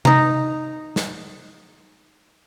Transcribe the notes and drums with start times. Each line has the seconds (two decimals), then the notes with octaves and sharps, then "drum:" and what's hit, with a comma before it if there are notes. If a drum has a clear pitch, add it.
0.05 D#4 A#5, drum: tom C3
0.96 drum: snare